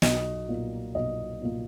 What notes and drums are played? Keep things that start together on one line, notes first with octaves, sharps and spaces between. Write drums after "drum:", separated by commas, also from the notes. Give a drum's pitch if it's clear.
B1 D#5, drum: snare
A#2 A#3
B1 D#5
A#2 A#3